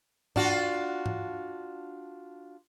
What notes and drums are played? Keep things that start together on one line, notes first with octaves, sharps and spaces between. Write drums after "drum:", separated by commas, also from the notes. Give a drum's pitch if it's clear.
D4 F4 F#4, drum: tom G#2
drum: tom G#2